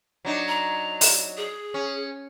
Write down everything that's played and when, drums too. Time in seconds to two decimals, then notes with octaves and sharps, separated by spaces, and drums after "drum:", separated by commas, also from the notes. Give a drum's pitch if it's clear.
0.25 F#3 D4 D#4
0.48 A#5
1.01 drum: open hi-hat
1.37 G#4
1.74 C#4